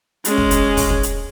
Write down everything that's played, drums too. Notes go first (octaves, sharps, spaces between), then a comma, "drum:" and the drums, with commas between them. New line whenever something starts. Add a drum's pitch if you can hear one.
G#3 C#4, drum: hi-hat
drum: kick
drum: kick, hi-hat
drum: kick, open hi-hat
drum: kick
drum: hi-hat